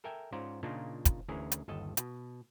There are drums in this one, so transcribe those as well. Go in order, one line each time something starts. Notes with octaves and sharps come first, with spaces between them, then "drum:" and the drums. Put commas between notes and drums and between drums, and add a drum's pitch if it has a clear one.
A4 A#4 E5 G5 G#5
G#2 C#4 F4 C5 D5 A#5
A#2 C#3 A#3 D4 D#4 F4
drum: kick, hi-hat
D2 E3 C#4 E4 G#4 A#4
drum: hi-hat
G1 D#2 A4 D#5 A5
B2, drum: hi-hat